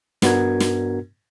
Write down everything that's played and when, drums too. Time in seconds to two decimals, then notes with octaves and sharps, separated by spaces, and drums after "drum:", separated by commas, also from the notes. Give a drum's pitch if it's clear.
0.22 G2 B3 D4 F#4 A#4 G#6, drum: snare
0.60 drum: snare